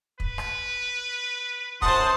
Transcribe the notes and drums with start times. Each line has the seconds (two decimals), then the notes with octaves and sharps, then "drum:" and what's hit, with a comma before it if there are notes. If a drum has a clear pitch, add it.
0.20 B4, drum: kick
0.38 drum: rim click
1.82 F#2 C5 F#5 A5 C6 D#6, drum: kick